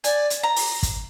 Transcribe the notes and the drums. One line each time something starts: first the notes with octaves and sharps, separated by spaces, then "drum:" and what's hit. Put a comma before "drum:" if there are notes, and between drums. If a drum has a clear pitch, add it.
D5 G#5, drum: hi-hat
drum: hi-hat
A#5
drum: open hi-hat
drum: kick, hi-hat